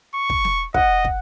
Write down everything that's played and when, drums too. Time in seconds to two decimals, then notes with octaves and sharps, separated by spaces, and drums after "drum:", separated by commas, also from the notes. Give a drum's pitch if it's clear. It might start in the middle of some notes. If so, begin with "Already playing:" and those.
0.15 C#6
0.30 drum: kick
0.45 drum: snare
0.74 D#5 F#5, drum: kick
1.04 drum: kick